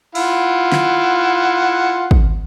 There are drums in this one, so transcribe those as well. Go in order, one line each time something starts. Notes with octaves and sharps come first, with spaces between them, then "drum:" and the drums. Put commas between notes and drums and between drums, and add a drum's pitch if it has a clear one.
E4 F4 F#5, drum: open hi-hat
drum: snare
drum: kick